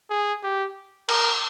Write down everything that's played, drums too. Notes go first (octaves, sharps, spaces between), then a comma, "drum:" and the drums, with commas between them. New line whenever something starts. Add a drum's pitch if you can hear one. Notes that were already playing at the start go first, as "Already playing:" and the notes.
G#4
G4
A#4, drum: cymbal